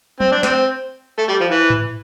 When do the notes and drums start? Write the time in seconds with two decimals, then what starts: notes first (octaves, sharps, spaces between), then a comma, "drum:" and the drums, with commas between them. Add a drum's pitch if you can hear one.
0.20 C4, drum: tom F#3
0.32 D4
0.43 C4, drum: snare
1.18 A3
1.29 G3
1.41 F3
1.51 E3
1.70 drum: tom G#2